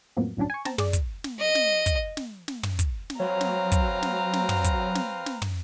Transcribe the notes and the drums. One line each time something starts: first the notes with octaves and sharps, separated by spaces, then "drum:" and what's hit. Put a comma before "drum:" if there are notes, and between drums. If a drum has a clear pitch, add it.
F2 A2 F3 F#3 A#3 B3
G1 C2 A2 F#3 C#4 D4
G#5 C#6
C4 A5 A#5, drum: snare
G#4 D5, drum: tom
drum: kick, hi-hat
drum: snare
D#5
drum: snare
drum: kick, hi-hat
drum: snare
drum: snare
drum: tom
drum: kick, hi-hat
drum: snare
F#3 C4 B4 C#5 F5 A#5
drum: snare
drum: kick, hi-hat
drum: snare
drum: snare
drum: tom
drum: kick, hi-hat
drum: snare
drum: snare
drum: tom